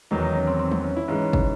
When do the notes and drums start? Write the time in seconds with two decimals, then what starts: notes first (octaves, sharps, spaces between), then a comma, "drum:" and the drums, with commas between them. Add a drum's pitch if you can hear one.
0.11 E2 D#3 F#3 D#4
0.23 D#4
0.36 C#4
0.47 C4
0.59 C4
0.72 C4, drum: tom
0.84 C#4
0.96 E4
1.08 G#2 E3 G#3 C#4
1.33 drum: kick